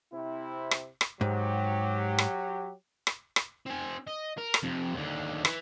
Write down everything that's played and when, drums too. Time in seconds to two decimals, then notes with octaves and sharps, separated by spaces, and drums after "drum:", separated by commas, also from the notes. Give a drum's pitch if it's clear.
0.12 C3 C4 E4
0.71 drum: rim click
1.01 drum: rim click
1.21 G#2 F#3 G4
2.18 drum: rim click
3.07 drum: rim click
3.36 drum: rim click
3.67 C4 G#5
4.07 D#5
4.38 A#4
4.54 drum: rim click
4.63 F2 C3
4.95 D#2 D3
5.45 E3, drum: rim click